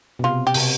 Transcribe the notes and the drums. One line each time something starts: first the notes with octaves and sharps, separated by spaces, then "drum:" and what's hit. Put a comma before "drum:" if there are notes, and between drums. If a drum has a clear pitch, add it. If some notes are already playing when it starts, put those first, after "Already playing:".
B2
C3 F4
G4
C3, drum: open hi-hat